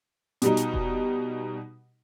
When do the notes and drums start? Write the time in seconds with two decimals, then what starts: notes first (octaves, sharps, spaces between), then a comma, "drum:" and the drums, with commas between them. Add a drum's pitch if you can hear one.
0.42 B2 G3 D#4, drum: hi-hat
0.57 drum: hi-hat
0.74 drum: kick E1